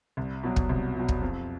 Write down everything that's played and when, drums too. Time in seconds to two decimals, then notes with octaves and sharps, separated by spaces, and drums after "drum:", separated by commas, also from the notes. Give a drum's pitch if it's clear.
0.17 C2
0.43 B2 F#3
0.56 drum: kick
0.69 C2
0.95 B2 F#3
1.08 drum: kick
1.21 F2